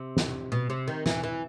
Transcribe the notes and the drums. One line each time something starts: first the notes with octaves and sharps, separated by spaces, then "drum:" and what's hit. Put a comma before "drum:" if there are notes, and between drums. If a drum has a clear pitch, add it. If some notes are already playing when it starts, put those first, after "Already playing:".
Already playing: C3
drum: snare
B2
C3
D#3
E3, drum: snare
E3